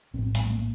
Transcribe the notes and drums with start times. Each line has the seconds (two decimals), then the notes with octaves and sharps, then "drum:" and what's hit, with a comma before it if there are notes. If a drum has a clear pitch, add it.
0.14 A#1 A2 C4
0.35 G3, drum: hi-hat
0.44 A3
0.53 A#3